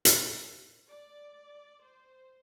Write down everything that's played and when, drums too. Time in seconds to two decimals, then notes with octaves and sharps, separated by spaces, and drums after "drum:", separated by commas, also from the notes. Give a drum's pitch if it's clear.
0.05 drum: hi-hat
0.88 D5
1.84 C5